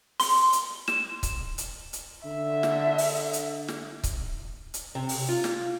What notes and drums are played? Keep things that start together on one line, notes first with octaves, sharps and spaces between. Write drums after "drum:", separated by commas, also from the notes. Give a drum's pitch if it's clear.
C6, drum: open hi-hat
drum: hi-hat
E7, drum: snare
drum: kick C#1, hi-hat
drum: hi-hat
drum: hi-hat
D3 E5
drum: snare
drum: open hi-hat
drum: hi-hat
drum: snare
drum: kick C#1, hi-hat
drum: hi-hat
C3
drum: open hi-hat
F4
drum: snare